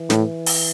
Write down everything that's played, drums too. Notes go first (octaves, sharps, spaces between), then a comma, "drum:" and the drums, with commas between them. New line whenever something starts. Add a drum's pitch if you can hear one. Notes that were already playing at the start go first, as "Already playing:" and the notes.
Already playing: E3
A2, drum: snare
drum: open hi-hat